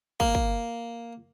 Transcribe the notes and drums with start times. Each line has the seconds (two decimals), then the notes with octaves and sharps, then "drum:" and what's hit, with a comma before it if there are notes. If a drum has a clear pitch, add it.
0.20 A#3, drum: kick
0.35 drum: kick